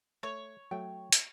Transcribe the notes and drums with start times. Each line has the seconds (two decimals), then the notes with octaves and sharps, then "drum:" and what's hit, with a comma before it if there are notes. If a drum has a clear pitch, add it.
0.23 A3 C#5
0.71 F#3 A3 G5
1.12 drum: hi-hat